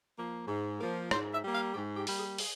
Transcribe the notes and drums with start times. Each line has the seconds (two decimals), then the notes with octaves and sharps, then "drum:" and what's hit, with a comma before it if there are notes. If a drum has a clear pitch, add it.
0.15 F3 A#3
0.48 G#2
0.80 F3 A#3
1.11 G#2 C5, drum: rim click
1.32 E5
1.43 G3 A#3
1.54 F5
1.74 G#2 G4
1.96 G4
2.07 G3 A#3, drum: open hi-hat
2.17 G#4
2.38 G#4, drum: open hi-hat